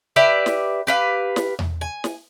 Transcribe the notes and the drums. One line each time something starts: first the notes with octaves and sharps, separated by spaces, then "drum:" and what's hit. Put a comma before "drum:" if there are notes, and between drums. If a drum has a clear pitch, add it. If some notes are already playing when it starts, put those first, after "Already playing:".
G4 B4 D5 E5
drum: snare
G4 B4 F5
drum: snare
drum: tom E2
G#5
drum: snare